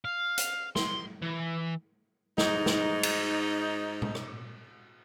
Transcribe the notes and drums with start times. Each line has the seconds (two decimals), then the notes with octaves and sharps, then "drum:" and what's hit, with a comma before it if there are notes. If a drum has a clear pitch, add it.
0.05 F5
0.38 drum: hi-hat
0.76 C6, drum: snare
1.22 E3
2.38 G#2 D#4, drum: snare
2.66 drum: snare
3.03 drum: cymbal
4.02 drum: tom A#2
4.15 drum: rim click